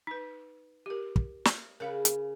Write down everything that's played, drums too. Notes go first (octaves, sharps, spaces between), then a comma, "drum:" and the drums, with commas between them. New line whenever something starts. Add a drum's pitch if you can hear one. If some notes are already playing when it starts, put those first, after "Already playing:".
D#4 B4
G4 A#4
drum: kick
drum: snare
C#3 A#4 F5 B5
drum: hi-hat